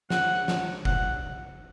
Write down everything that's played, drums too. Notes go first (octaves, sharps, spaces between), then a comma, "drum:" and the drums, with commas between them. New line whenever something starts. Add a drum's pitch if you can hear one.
F#5, drum: snare
drum: snare
F#5, drum: kick F1